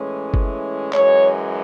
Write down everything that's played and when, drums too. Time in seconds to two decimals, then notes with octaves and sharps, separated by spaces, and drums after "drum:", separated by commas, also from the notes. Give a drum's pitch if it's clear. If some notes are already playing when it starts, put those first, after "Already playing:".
Already playing: A2 E3 G#3 C#4
0.34 drum: kick G1
0.93 F#2 E3 G#3 C#5, drum: clap